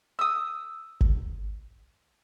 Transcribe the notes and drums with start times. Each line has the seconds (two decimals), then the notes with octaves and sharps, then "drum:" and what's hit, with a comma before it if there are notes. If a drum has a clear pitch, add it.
0.19 D#6 E6
1.01 drum: kick G1